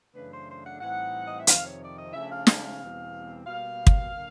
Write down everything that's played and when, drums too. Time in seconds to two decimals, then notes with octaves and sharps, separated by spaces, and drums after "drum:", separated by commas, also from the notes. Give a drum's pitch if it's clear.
0.14 F#2 C#3 E3 A3 D4 B4
0.32 C5
0.48 C5
0.65 F#5
0.81 A2 E3 G3 C4 D#4 F#5
1.27 D#5
1.37 E5
1.47 F2 C3 D#3 F5, drum: hi-hat
1.65 C#5
1.81 D5
1.97 D#5
2.13 C#3 F3 A3 D4 E5
2.30 F5
2.47 F5, drum: snare
2.63 F5
2.81 E2 B2 G3 C4
3.47 B2 G3 A#3 F5
3.87 drum: kick
4.14 D3 F#3 A#3